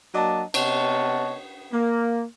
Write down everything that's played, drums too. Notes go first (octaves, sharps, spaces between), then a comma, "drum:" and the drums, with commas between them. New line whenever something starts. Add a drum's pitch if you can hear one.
F#3 A#3 D4 D#5 A5
C3 B3 C#5 D#5 F#5 A5, drum: cymbal
A#3